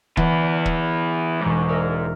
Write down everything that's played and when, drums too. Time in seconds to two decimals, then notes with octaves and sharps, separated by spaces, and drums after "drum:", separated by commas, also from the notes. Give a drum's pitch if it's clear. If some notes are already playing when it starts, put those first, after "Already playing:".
0.17 E3 B3 E4 B4 D5, drum: kick
0.66 drum: kick
1.41 E1 G#2 C#6 D6
1.69 A#4 D5 E5